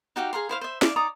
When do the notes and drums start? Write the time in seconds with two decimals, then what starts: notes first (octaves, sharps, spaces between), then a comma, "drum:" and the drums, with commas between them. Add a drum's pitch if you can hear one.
0.16 D#4 F#4 G4 F5
0.33 G#4 F5 A#5 C6
0.49 E4 C5 F5
0.61 C5 E5
0.82 D5 E5 F5, drum: snare
0.96 D#4 D5 A#5 D#6